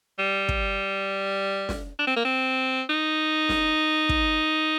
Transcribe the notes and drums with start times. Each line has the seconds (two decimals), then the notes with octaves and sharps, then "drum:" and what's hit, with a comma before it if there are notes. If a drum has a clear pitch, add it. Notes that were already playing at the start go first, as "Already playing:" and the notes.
0.19 G3
0.49 drum: kick
1.69 drum: snare
1.99 D4
2.07 C4
2.16 A#3
2.25 C4
2.89 D#4
3.49 drum: snare
4.09 drum: kick